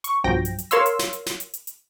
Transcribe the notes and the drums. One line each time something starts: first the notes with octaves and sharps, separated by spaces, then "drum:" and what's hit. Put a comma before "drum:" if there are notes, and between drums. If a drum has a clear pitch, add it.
C#6, drum: hi-hat
B1 G2 F3 F#3 G5 A#6
drum: hi-hat
drum: hi-hat
A#4 C#5 F5 C6 E6, drum: hi-hat
drum: hi-hat
drum: snare
drum: hi-hat
drum: snare
drum: hi-hat
drum: hi-hat
drum: hi-hat